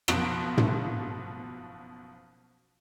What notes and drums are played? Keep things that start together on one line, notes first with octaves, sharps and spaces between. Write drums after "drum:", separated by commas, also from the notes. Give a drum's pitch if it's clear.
F#1 B1 B2 F3 F#4 D7, drum: rim click
drum: tom